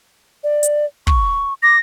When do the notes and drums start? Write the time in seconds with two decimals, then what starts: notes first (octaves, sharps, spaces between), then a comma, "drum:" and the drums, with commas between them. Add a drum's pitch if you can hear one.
0.44 D5
0.63 drum: hi-hat
1.07 C#6, drum: kick
1.63 D6 A#6